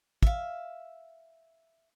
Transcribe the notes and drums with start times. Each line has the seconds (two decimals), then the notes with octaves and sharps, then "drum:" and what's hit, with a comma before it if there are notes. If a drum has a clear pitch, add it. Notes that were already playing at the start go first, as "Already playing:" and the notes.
0.23 E5 F5, drum: kick